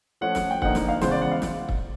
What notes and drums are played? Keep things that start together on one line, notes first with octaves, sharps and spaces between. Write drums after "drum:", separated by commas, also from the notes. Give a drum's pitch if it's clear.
F3 A3 C#4 F#5
drum: snare
G5
D3 F3 A#3 D#4 F#5, drum: kick
drum: snare
F5
C#3 E3 G#3 B3 C5, drum: snare
D5
F#5
F5
drum: snare
drum: kick